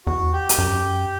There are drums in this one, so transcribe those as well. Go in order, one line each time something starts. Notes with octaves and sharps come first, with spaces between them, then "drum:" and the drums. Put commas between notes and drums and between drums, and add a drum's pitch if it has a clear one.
E2 F#4
G4
drum: hi-hat
F#2